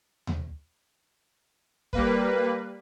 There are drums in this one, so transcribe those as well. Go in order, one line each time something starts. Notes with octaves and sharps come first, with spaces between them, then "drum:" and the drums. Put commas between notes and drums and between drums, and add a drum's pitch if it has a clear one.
drum: tom D#2
G3 A#3 B4, drum: kick